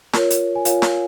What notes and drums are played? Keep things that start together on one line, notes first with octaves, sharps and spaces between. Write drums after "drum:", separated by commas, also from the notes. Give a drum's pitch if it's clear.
F4 A#4 C#5, drum: snare
drum: hi-hat
G#5
F4 A#4 C#5 F5, drum: hi-hat
F5, drum: snare